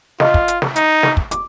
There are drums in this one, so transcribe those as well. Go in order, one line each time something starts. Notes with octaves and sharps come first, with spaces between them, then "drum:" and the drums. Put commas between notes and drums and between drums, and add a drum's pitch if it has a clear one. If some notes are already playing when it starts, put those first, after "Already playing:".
F4 D#5, drum: snare
drum: kick
drum: hi-hat
drum: snare
D#4, drum: hi-hat
drum: snare
drum: kick
D6, drum: hi-hat